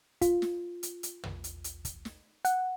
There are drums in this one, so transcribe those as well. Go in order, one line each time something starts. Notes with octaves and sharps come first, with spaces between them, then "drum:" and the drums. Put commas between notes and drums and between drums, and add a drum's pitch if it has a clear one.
F4, drum: kick, hi-hat
drum: snare
drum: hi-hat
drum: hi-hat
drum: tom
drum: hi-hat
drum: hi-hat
drum: kick, hi-hat
drum: snare
F#5, drum: hi-hat